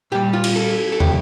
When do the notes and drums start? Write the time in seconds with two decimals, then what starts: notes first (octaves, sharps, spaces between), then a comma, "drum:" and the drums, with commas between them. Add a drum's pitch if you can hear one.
0.12 A#2 G3 G4
0.33 F4
0.44 drum: cymbal
0.56 A4
0.92 A4
1.00 G4, drum: tom